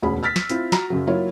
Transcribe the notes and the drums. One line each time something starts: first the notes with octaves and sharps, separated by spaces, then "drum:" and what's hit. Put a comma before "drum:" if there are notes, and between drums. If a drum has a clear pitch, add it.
E1 D2 C#4 G#4 B5
E6 F6 A6 B6
drum: snare
C4 E4 F4, drum: hi-hat
F#4 A#5, drum: snare
F#2 C#3 F#3
F#3 A#3 E4 F4 C#5